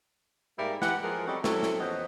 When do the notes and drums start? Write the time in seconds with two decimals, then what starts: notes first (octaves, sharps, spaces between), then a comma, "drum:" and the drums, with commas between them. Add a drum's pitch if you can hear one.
0.58 G#2 G3 A#3 A#4 D5 E5
0.82 E3 G4 F#5, drum: snare
1.02 F3 G#3 G#4 A#4
1.27 G3 C4 C#4 F#4 A4 D#5
1.44 F#3 C4 C#4 E4 A4, drum: snare
1.63 drum: snare
1.80 E2 F3 B3 B4 C5 D#5